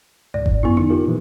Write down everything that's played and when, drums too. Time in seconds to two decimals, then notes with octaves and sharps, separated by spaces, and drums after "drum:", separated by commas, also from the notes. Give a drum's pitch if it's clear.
0.34 C#2 G#2 D5
0.46 drum: kick G1
0.63 F#2 B3 E4 C#6
0.77 F2 D3 D#4
0.90 F4 G4 A#4
1.07 A#2 E3 F3